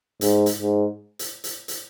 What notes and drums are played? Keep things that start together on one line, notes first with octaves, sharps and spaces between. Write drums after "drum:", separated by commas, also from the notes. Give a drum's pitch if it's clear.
G#2, drum: hi-hat
drum: hi-hat
G#2
drum: hi-hat
drum: hi-hat
drum: hi-hat